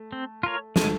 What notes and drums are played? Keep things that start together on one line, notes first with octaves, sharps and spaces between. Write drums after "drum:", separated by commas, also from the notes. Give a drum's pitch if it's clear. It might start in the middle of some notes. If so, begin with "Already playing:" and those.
Already playing: A3
C4
F4 A#4 C#5
G#3 A3, drum: snare